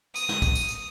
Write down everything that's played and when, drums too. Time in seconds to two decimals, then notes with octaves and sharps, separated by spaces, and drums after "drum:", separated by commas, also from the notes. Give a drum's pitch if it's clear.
0.16 D#6, drum: tambourine
0.29 drum: snare
0.42 drum: kick, tambourine
0.55 drum: tambourine
0.69 drum: tambourine